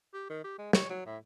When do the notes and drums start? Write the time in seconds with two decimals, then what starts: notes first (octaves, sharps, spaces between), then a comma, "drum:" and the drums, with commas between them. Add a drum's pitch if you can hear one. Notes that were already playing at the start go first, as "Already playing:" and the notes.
0.13 G4
0.30 D#3
0.44 G4
0.58 G#3
0.73 C#5, drum: snare
0.90 F#3
1.05 A2